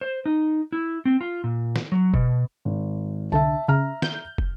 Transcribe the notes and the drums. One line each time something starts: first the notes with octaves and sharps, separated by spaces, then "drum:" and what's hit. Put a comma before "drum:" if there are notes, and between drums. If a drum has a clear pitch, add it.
C5
D#4
E4
C4
F4
A#2
drum: snare
F#3
B2, drum: kick
G#1
C2 D3 E5 A5
C#3 E5 A#5 F6
G6, drum: snare
drum: kick